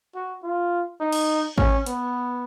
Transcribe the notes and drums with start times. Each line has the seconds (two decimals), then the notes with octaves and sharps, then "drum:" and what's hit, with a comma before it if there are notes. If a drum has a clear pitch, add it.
0.15 F#4
0.43 F4
1.00 D#4
1.13 drum: cymbal
1.58 C#4, drum: kick A1
1.86 B3, drum: hi-hat